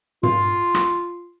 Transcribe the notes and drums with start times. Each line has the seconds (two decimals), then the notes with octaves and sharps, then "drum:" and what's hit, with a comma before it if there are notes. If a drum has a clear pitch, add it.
0.23 F4, drum: tom
0.74 drum: rim click